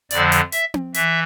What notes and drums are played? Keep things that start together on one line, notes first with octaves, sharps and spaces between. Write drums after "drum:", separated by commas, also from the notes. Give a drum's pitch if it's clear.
F2 D3 F3 D5, drum: hi-hat
drum: hi-hat
E5, drum: hi-hat
drum: tom C4
E3 E5, drum: hi-hat